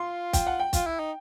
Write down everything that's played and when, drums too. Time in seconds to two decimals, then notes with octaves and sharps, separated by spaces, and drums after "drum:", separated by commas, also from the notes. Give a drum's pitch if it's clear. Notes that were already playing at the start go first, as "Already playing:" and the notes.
Already playing: F4 C6
0.33 G5, drum: kick, hi-hat
0.47 F#5
0.60 G5
0.73 F4, drum: kick, hi-hat
0.86 E4
0.99 D#4